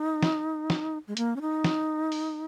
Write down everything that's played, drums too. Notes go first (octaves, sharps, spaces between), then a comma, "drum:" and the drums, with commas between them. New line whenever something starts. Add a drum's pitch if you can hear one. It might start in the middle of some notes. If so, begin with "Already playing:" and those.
Already playing: D#4
drum: snare
drum: snare
G#3
A#3, drum: hi-hat
C#4
D#4
drum: snare
drum: open hi-hat